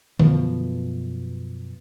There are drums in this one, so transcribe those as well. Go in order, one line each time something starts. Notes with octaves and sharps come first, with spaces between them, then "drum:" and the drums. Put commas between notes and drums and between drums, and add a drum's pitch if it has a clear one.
F#2 B2 F3 A3, drum: tom D3